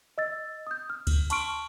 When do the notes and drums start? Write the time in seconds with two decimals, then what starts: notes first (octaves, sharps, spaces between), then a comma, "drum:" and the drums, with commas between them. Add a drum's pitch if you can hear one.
0.18 D#5 E6 A6
0.67 D#6 G6
0.90 F6
1.07 drum: kick D2, cymbal
1.30 A5 C6 C#6 F6 D7, drum: cymbal